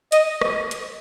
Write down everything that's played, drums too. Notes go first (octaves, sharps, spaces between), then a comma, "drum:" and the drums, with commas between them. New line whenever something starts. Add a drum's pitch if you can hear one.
D#5, drum: hi-hat
drum: rim click
drum: hi-hat